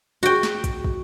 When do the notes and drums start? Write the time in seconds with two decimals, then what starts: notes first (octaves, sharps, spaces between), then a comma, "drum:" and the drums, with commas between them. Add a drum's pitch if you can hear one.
0.23 F#4 G5
0.43 drum: snare
0.64 drum: kick, hi-hat
0.84 drum: kick